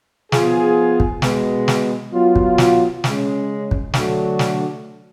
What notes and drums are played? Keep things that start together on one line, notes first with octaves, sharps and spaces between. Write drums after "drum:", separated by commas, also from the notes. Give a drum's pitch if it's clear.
F3 B3 F4 G#4, drum: snare
drum: kick
B2 G#3 B3, drum: snare
drum: snare
F#3 B3 F4
drum: kick
drum: snare
C#3 G#3 C#4, drum: snare
drum: kick
D3 F#3 A3 D4 F#4, drum: snare
drum: snare